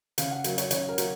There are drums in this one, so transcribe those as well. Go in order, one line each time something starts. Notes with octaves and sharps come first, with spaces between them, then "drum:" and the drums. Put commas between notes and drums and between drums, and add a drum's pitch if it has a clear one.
C#3 F5, drum: hi-hat
F#5
F#3 A#3 F5, drum: hi-hat
C#5, drum: hi-hat
C#3 C#5, drum: hi-hat
A#4
F#3 A#3, drum: hi-hat